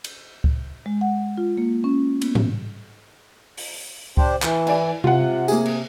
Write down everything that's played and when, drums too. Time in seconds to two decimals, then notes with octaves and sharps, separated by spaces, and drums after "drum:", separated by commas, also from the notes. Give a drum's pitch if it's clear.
0.04 drum: cymbal
0.44 drum: kick C#2
0.86 G#3
1.01 F#5
1.37 F4
1.58 A#3
1.84 C#4
2.21 B3, drum: cymbal
2.35 drum: tom G#2
3.57 drum: open hi-hat
4.17 D4 G4 C5, drum: kick C#2
4.42 E3, drum: clap
4.67 E4 D5 G#5, drum: cymbal
5.04 C3 F4 F#5, drum: tom C3
5.48 A#3 G#4, drum: tambourine
5.65 drum: cymbal